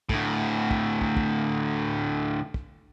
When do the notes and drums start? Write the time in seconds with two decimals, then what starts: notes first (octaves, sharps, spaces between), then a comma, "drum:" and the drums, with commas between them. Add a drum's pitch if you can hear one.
0.09 D2 A2, drum: kick
0.71 drum: kick
1.01 drum: kick
1.17 drum: kick
2.54 drum: kick